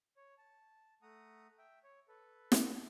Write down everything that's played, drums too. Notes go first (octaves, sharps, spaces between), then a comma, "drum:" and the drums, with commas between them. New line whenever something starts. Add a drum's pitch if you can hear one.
C#5
A5
A3 F#5 A#5 D#6
E5 G5
C#5
A4 B4
drum: snare